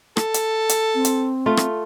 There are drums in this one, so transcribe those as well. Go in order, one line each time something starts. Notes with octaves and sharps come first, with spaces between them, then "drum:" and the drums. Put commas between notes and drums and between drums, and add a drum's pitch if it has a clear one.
A4, drum: rim click
drum: hi-hat
drum: hi-hat
C4
drum: hi-hat
A3 F4
drum: rim click